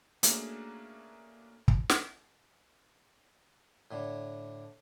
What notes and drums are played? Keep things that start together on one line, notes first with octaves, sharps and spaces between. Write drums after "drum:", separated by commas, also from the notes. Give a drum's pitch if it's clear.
A3 A#3 C#4 D4 F#4 G#4, drum: hi-hat
drum: kick
drum: snare
A2 D3